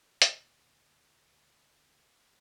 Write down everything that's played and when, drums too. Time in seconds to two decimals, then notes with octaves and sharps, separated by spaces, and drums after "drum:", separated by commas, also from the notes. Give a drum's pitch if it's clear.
0.22 D2 A#2 D3, drum: hi-hat